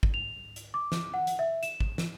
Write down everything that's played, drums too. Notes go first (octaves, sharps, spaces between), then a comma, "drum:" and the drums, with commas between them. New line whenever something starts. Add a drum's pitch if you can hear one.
drum: kick
F7
drum: hi-hat
D6
drum: snare
F#5
drum: hi-hat
E5
E7, drum: hi-hat
drum: kick
drum: snare